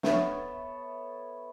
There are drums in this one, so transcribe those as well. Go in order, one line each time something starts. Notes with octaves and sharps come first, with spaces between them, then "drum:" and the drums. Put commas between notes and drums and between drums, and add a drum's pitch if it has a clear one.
A3 B3 C#5 A5, drum: snare